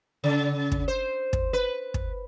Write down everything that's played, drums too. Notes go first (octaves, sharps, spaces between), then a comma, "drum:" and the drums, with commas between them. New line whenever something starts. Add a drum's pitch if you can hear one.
C#3
drum: kick
C5
drum: kick
B4
drum: kick